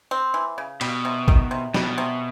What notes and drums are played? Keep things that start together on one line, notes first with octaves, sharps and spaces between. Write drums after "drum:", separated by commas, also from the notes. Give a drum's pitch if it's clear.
C4
E3
C#3
B2 G3, drum: cymbal
C3
D#3, drum: kick G#1
C3
B2 G3, drum: snare
C3